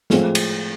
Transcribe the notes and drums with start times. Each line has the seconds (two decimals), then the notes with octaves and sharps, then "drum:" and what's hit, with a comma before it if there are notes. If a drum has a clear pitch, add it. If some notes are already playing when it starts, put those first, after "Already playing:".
0.10 A2 F3 G#3 C4, drum: snare
0.35 drum: cymbal